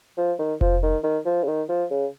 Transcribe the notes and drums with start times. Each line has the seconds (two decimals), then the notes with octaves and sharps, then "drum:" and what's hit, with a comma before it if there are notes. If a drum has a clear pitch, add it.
0.17 F3
0.39 D#3
0.61 F3, drum: kick F1
0.83 D#3
1.03 D#3
1.25 F3
1.43 C#3
1.47 D#3
1.69 F3
1.90 C#3